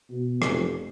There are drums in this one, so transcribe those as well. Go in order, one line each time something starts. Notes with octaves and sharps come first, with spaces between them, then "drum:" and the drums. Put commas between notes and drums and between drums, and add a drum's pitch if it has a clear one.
B2
F1, drum: rim click